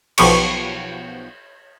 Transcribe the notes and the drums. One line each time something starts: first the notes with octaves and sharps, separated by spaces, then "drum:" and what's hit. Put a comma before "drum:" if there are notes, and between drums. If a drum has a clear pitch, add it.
B1 F3 B3 G4 C#6, drum: cymbal